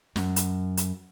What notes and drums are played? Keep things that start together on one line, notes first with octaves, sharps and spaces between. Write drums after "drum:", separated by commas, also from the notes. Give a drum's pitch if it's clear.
F#2, drum: snare
drum: hi-hat
drum: hi-hat